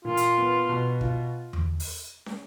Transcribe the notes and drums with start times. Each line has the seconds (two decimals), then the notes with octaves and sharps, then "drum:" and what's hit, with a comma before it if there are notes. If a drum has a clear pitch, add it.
0.05 A#2 F4
0.17 drum: hi-hat
0.38 B3
0.69 B2
1.01 F4, drum: kick
1.53 drum: tom E2
1.80 drum: open hi-hat
2.26 drum: snare